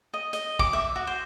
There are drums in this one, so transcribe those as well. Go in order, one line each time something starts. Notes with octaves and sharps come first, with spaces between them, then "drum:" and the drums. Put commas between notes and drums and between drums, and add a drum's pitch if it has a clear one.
D#5
D#5, drum: hi-hat
D6, drum: kick
E5
F#4
C5